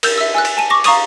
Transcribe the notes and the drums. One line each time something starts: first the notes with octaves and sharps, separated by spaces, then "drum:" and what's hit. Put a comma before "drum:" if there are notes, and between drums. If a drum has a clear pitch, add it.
A#4 E6 G6, drum: cymbal
E5 E6
G#5 E6 F#6
drum: cymbal
G#5 A5 D#7
C#6 D6 A#6
F5 A#5 C#6 D#6 D#7, drum: cymbal